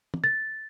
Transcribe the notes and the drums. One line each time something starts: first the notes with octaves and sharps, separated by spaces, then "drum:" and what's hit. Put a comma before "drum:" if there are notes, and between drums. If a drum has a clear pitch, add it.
drum: tom
A6